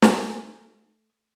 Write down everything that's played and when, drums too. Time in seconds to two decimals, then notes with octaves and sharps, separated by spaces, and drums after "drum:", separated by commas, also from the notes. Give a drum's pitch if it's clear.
0.02 A3 G#5, drum: snare